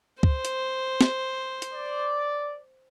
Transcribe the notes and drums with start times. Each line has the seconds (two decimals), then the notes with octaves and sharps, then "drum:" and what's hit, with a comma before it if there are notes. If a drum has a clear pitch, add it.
0.23 C5, drum: kick
0.45 drum: hi-hat
1.01 drum: snare
1.62 drum: hi-hat
1.73 D5